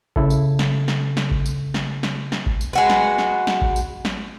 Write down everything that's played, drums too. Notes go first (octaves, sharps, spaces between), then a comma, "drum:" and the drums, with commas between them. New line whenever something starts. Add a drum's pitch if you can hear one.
C#3 E4 A4, drum: kick G#1
drum: tambourine
drum: snare
drum: snare
drum: snare
drum: kick G#1
drum: tambourine
drum: snare
drum: snare
drum: snare
drum: kick G#1
drum: tambourine
G#3 F#4 B4
drum: snare
drum: snare
drum: snare
drum: kick G#1
drum: tambourine
drum: snare